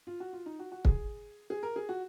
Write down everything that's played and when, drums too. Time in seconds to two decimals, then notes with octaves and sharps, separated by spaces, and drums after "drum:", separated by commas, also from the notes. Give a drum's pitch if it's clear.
0.07 F4
0.20 F#4
0.33 F4
0.46 D#4
0.59 F#4
0.72 F#4
0.85 G#4, drum: kick
1.50 G#4
1.63 A#4
1.76 G#4
1.89 F#4